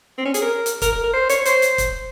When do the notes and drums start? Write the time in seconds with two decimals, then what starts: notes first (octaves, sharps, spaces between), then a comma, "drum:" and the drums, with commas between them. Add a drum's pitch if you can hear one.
0.18 C4
0.25 C#4
0.34 G#4, drum: hi-hat
0.42 A#4
0.66 drum: hi-hat
0.82 A#4, drum: kick, hi-hat
0.92 A#4
1.03 A#4
1.13 C5
1.29 C#5, drum: hi-hat
1.45 C5, drum: hi-hat
1.62 drum: hi-hat
1.78 drum: kick, hi-hat